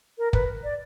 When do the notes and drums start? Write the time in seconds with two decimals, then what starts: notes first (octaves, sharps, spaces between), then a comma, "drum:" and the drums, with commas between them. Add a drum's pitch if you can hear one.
0.18 A#4
0.33 B4, drum: kick
0.64 D5